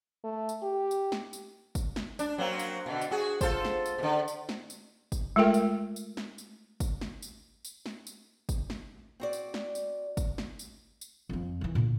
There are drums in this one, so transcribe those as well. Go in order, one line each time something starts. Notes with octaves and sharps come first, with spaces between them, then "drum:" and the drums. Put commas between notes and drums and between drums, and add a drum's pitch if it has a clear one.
A3
drum: tambourine
G4
drum: tambourine
drum: snare
drum: tambourine
drum: kick, tambourine
drum: snare
D4, drum: tambourine
F#3 A#3 C4
drum: tambourine
B2 D3
drum: tambourine
F#4 G#4
F4 A4 C5, drum: kick, tambourine
drum: snare
drum: tambourine
B2 D3
drum: tambourine
drum: snare
drum: tambourine
drum: kick, tambourine
G#3 A3 F4 A4 A#4 G5
drum: tambourine
drum: tambourine
drum: snare
drum: tambourine
drum: kick, tambourine
drum: snare
drum: tambourine
drum: tambourine
drum: snare
drum: tambourine
drum: kick, tambourine
drum: snare
C4 F#4 D5
drum: tambourine
drum: snare
drum: tambourine
drum: kick, tambourine
drum: snare
drum: tambourine
drum: tambourine
F2 F3
D#3 E3
A#2 D3